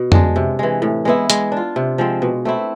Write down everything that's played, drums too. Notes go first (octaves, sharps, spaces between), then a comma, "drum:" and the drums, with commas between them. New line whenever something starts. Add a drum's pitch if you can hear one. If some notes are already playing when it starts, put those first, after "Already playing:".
Already playing: B2
G#3 D4, drum: tom F2
C3
E3 G#3
A2
G#3 B3 E4
G#3, drum: hi-hat
D4 F4
C3
F3 G#3 C4
B2
A3 C4 E4